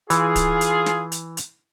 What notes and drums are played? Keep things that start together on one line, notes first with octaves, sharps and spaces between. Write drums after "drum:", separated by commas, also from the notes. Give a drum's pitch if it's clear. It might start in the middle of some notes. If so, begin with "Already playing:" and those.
E3 F4 G#4, drum: hi-hat
drum: kick D1, hi-hat
drum: hi-hat
drum: snare
drum: hi-hat
drum: hi-hat